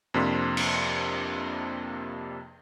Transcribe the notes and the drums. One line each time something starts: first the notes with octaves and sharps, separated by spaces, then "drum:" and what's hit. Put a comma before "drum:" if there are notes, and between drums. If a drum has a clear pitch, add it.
F2 C3 A#3 D4 C6 B6
drum: cymbal